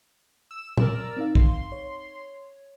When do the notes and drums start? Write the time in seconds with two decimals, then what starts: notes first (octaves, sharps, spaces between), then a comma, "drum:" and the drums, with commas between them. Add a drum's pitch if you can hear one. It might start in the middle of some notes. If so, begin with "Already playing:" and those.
0.51 E6
0.77 A#4 D5 E6, drum: tom A#2
1.17 C4 D#4 F5
1.35 C6, drum: kick
1.72 C#5